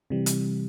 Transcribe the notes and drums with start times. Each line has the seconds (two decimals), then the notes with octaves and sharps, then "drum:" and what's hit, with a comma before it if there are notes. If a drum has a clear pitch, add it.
0.10 C3 E3 G3
0.26 drum: hi-hat